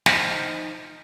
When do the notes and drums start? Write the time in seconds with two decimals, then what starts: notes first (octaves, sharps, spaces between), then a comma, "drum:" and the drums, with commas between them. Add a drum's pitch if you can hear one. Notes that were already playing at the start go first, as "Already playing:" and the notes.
0.06 F3 D#4, drum: snare